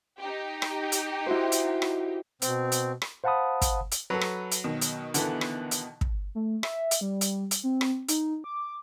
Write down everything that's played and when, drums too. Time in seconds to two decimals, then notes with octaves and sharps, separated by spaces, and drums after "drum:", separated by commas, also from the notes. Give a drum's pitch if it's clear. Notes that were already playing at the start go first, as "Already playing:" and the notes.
0.20 D#4 G4
0.62 drum: rim click
0.92 drum: hi-hat
1.26 E4 F#4 C5
1.52 drum: hi-hat
1.82 drum: rim click
2.42 B2 C4, drum: hi-hat
2.72 drum: hi-hat
3.02 drum: rim click
3.24 C5 F5 F#5 A5 B5 D#6
3.61 drum: kick, hi-hat
3.91 drum: hi-hat
4.10 F#3 A4 B4
4.21 drum: rim click
4.51 drum: hi-hat
4.64 B2 D#3
4.81 drum: hi-hat
5.14 D3 E3 B3, drum: hi-hat
5.41 drum: rim click
5.71 drum: hi-hat
6.01 drum: kick
6.35 A3
6.63 E5, drum: rim click
6.91 drum: hi-hat
7.01 G3
7.21 drum: hi-hat
7.51 drum: hi-hat
7.64 C4
7.81 drum: rim click
8.08 D#4, drum: hi-hat
8.44 D6